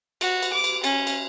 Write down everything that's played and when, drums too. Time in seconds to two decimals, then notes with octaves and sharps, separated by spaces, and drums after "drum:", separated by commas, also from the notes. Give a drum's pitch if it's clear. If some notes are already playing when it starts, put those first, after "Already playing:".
0.21 F#4, drum: cymbal
0.43 drum: cymbal
0.53 D6
0.64 drum: cymbal
0.84 C#4, drum: cymbal
1.07 drum: cymbal